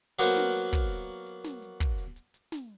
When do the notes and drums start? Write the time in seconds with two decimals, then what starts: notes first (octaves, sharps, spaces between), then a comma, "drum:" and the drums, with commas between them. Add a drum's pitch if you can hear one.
0.19 F#3 A#3 B3 F#4 A#4 C5, drum: hi-hat
0.37 drum: snare
0.55 drum: hi-hat
0.73 drum: kick, hi-hat
0.91 drum: hi-hat
1.26 drum: hi-hat
1.44 drum: snare
1.62 drum: hi-hat
1.80 drum: kick, hi-hat
1.98 drum: hi-hat
2.16 drum: hi-hat
2.34 drum: hi-hat
2.52 drum: snare